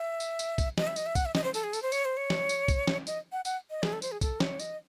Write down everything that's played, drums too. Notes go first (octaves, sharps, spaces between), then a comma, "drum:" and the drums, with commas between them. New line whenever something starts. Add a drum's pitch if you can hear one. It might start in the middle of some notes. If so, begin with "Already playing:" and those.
Already playing: E5
drum: tambourine
drum: tambourine
drum: kick B1, tambourine
D#5, drum: snare
E5
D#5, drum: tambourine
E5
F#5, drum: kick B1, tambourine
E5
D#5, drum: snare
C5
A4, drum: tambourine
G#4
A4, drum: tambourine
C5
C#5, drum: tambourine
C5
C#5
drum: snare
drum: tambourine
drum: kick B1, tambourine
drum: snare
D#5, drum: tambourine
F#5
F#5, drum: tambourine
D#5
G#4, drum: snare
A4
C5, drum: tambourine
G#4
A4, drum: kick B1, tambourine
C#5, drum: snare
D#5, drum: tambourine